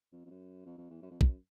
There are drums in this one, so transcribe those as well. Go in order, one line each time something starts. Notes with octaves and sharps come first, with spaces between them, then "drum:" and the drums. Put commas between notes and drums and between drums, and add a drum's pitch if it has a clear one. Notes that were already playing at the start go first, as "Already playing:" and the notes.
F2
F2
F#2
F2
F2
E2
F#2
F2
F#2, drum: kick